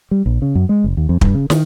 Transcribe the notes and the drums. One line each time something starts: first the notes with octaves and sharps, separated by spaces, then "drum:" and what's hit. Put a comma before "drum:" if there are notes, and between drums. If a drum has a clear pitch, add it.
G3
A#1
C#3
F#2
G#3
F#1
D#2
F2
G2, drum: kick
C#3
D#3, drum: snare